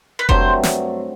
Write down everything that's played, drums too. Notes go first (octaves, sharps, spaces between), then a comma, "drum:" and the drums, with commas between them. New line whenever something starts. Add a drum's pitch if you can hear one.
B4
G2 F#3 A3 C4 C5, drum: kick F1
drum: snare